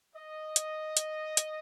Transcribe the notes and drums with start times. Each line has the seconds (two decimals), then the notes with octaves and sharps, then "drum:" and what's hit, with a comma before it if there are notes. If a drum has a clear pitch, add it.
0.15 D#5
0.56 drum: hi-hat
0.97 drum: hi-hat
1.37 drum: hi-hat